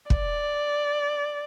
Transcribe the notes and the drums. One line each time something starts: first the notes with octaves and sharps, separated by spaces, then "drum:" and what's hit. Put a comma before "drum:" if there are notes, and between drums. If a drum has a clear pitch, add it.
D5, drum: kick